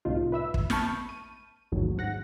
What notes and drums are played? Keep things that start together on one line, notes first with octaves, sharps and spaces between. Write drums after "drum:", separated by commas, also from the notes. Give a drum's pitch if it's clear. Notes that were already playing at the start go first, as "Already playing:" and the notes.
C2 A2 D#4 F4
B4 E5 E6
drum: kick
A5 B5 C#6 F6 G6 A6, drum: snare
D#7
A1 D#2 G#2 F#3
G#2 F#5 A#6